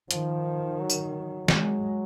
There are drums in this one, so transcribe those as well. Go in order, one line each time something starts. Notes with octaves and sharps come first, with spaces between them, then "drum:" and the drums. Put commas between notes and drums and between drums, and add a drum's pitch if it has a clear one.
D#3 F3, drum: hi-hat
F#3
drum: tambourine
G#3, drum: snare